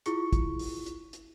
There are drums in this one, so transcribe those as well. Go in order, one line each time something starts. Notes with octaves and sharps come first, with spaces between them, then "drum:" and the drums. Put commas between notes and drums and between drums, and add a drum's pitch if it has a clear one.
E4 F4 G#4 C#6 C#7, drum: hi-hat
drum: kick, hi-hat
drum: open hi-hat
drum: hi-hat
drum: hi-hat